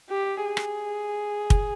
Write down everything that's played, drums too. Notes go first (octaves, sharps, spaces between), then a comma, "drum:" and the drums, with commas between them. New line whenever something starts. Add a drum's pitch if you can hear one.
G4
G#4
drum: rim click
drum: kick